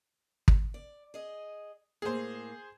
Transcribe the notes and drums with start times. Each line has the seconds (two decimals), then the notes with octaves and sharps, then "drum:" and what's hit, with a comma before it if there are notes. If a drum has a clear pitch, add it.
0.48 drum: kick
0.74 D5
1.14 G#4 D#5
2.02 A2 A#3 G#4 C5